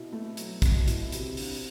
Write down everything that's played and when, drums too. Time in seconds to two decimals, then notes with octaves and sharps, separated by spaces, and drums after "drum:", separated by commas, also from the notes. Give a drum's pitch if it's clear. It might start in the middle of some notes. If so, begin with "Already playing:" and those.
Already playing: B2 E4
0.12 A3
0.37 F#3, drum: hi-hat
0.62 B2, drum: kick, hi-hat
0.88 E4, drum: hi-hat
1.12 C3, drum: hi-hat
1.37 D4, drum: open hi-hat